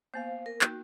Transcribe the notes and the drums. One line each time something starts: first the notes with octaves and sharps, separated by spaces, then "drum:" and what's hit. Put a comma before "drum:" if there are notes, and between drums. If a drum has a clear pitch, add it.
A#3 B3 C5 F5
A#4
A#3 D#4 F#4, drum: clap